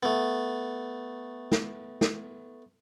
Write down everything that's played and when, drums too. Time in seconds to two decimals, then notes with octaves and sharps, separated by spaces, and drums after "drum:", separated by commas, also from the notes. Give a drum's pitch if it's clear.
0.03 A3 B3
1.52 drum: snare
2.01 drum: snare